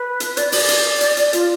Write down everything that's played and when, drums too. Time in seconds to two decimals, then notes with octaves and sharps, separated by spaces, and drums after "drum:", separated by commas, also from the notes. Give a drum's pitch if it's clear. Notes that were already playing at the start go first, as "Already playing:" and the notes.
Already playing: B4
0.20 drum: hi-hat
0.37 D5, drum: hi-hat
0.52 D5, drum: open hi-hat
0.68 drum: hi-hat
1.01 drum: hi-hat
1.17 drum: hi-hat
1.33 F4, drum: hi-hat